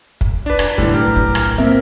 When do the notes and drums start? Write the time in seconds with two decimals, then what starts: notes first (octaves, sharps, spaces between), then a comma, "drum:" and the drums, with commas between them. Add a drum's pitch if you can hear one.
0.21 drum: kick
0.46 D4 B4 D5
0.59 drum: rim click
0.78 B1 A2 D3 G3 D4 B4, drum: kick
0.94 G4 A#4
1.16 drum: kick
1.35 drum: rim click
1.58 A#3 C4 A#4 E5